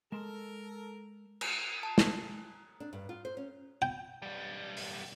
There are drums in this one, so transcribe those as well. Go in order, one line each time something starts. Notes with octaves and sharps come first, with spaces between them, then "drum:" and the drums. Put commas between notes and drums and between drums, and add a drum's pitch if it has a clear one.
G#3 A4 A#4 A5 C6
drum: cymbal
A5
drum: snare
D4
G2
F4
C5
C#4
G5
B1 G3
drum: open hi-hat